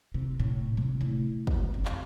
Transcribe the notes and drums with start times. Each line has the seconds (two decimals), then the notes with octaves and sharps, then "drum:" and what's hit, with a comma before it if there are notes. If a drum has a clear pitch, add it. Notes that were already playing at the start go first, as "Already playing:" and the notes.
0.14 C3
0.39 A2
0.77 C3
1.01 A3 E4
1.47 drum: kick
1.74 F2
1.85 drum: clap